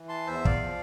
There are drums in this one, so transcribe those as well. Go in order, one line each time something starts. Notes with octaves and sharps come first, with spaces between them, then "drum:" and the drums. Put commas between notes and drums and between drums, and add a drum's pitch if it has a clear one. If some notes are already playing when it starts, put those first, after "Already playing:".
Already playing: E3
A5 C6
E2 C5 E5
D5 F5, drum: kick
F3